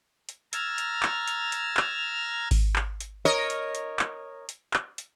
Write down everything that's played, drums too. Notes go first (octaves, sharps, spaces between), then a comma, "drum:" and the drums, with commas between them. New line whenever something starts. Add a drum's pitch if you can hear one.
drum: hi-hat
A#5 E6 F6 G#6 A6, drum: hi-hat
drum: hi-hat
drum: clap
drum: hi-hat
drum: hi-hat
drum: clap
drum: kick G#1, open hi-hat
drum: clap
drum: hi-hat
A#4 C#5 D#5
drum: hi-hat
drum: hi-hat
drum: clap
drum: hi-hat
drum: clap
drum: hi-hat